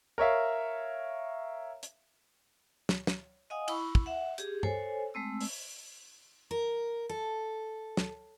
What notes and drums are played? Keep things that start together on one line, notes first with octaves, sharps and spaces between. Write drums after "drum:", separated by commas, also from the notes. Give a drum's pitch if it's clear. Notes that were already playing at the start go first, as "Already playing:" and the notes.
A#4 C#5 E5 F5
drum: hi-hat
drum: snare
drum: snare
D#5 F5 F#5 G#5 D#6
E4 B5 C#6, drum: cymbal
drum: kick
E5 F#5
G4 G#4, drum: hi-hat
A4 C5 C#5 G#5, drum: tom G2
G#3 A3 C4 E6
drum: open hi-hat
A#4
A4
drum: snare